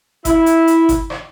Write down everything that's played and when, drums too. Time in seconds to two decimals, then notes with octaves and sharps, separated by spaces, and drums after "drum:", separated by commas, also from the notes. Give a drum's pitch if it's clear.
0.25 E4, drum: kick G1, hi-hat
0.46 drum: hi-hat
0.67 drum: hi-hat
0.89 drum: kick G1, hi-hat
1.10 drum: rim click